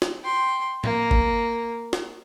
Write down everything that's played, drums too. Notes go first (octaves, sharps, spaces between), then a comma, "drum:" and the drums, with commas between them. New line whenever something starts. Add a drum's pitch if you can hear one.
drum: snare
G5 C6
A#3, drum: tom A2
drum: kick G1
drum: snare